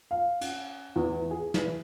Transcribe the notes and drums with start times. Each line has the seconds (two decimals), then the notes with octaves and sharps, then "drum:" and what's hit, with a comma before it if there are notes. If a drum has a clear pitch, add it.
0.11 F5
0.41 C#4, drum: cymbal
0.96 E2
1.11 E3
1.31 G#4
1.54 E3, drum: snare